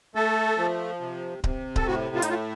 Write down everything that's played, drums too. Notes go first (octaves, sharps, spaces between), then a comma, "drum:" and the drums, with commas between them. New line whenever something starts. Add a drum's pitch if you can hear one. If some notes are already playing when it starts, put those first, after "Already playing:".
A3 A4
F3
C3
C3, drum: kick D1
A4, drum: kick D1
A2 F#4
F4
D#4, drum: hi-hat
A3 F4